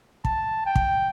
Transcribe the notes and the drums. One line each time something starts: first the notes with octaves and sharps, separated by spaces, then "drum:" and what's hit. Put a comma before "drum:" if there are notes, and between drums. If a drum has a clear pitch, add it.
A5, drum: kick
G5
drum: kick